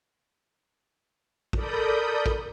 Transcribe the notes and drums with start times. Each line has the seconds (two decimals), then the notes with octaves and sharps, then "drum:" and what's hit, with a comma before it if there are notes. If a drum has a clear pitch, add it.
1.53 A4 A#4 D5 B5 D#6 G6, drum: kick A1
2.26 drum: kick A1